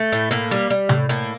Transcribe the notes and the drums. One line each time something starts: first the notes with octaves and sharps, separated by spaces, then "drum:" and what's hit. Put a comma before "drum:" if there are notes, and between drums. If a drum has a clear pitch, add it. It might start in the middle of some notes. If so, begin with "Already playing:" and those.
Already playing: A3
A2
A2 A#3
G3
G3
A2, drum: tom C3
A2 A#3